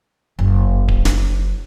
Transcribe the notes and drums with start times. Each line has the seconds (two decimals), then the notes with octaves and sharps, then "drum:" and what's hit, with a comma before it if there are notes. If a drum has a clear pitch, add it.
0.39 F#1
0.88 drum: kick D1
1.05 drum: snare